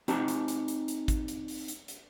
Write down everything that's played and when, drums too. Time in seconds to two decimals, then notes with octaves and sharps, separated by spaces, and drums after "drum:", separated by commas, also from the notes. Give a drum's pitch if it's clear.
0.08 C4 D#4 G4 A5, drum: hi-hat
0.28 drum: hi-hat
0.48 drum: hi-hat
0.68 drum: hi-hat
0.88 drum: hi-hat
1.08 drum: kick G#1, hi-hat
1.28 drum: hi-hat
1.48 drum: open hi-hat
1.68 drum: hi-hat
1.88 drum: hi-hat